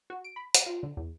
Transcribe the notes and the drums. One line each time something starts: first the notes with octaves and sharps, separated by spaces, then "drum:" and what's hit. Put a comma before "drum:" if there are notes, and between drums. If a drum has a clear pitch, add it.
F#4
D7
B5
F#5, drum: hi-hat
F4
D3
E2